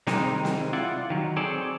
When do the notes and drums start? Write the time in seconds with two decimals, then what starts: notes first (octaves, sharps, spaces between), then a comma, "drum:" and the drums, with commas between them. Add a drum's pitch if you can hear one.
0.07 C3 D#3 G3 G#3 C4 D#4, drum: snare
0.45 drum: snare
0.73 E4 F4 D5 F#5
1.10 D#3 F#3
1.37 C4 G#4 A4 C#5 D5